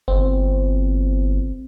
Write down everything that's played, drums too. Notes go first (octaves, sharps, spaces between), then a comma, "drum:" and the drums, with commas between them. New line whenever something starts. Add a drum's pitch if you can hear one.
G1 C4, drum: kick F#1